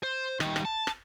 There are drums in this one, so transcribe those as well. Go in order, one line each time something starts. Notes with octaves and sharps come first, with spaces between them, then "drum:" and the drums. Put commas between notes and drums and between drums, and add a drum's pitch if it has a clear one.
C5
D#3 G3, drum: rim click
drum: rim click
A5
drum: rim click